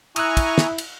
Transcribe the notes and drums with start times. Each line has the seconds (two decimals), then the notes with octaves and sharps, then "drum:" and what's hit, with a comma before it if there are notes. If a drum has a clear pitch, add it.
0.16 E4 G#5 A#5 C#6 D#6 E6 F#6, drum: cymbal
0.37 drum: kick, cymbal
0.58 drum: snare
0.78 drum: cymbal